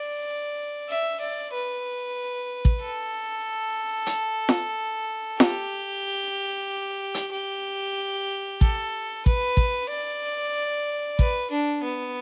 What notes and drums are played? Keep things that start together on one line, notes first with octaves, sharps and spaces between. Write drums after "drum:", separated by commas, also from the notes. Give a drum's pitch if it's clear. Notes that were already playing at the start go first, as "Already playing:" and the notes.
Already playing: D5
E5
D5
B4
drum: kick
A4
drum: hi-hat
drum: snare F4
G4, drum: snare F4
drum: hi-hat
G4
A4, drum: kick
B4, drum: kick
drum: kick
D5
B4, drum: kick
D4
B3